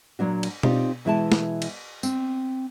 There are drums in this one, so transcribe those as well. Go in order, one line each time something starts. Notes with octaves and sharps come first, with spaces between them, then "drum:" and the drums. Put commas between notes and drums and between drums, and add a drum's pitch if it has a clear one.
A#2 F#3 D4 F#4
drum: cymbal
C4 D#4 F4 G4 D5, drum: tom B2
B2 E3 G#3 E4 C5 A5
drum: snare
drum: cymbal
C4, drum: tambourine